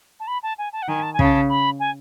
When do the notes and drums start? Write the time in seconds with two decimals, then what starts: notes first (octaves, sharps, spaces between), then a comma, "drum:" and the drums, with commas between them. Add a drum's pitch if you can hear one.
0.20 A5
0.27 B5
0.43 A5
0.58 G#5
0.73 A5
0.82 F#5
0.88 D#3 G#5
1.03 A5
1.14 G#5
1.19 C#3 A5, drum: kick
1.49 B5
1.80 G#5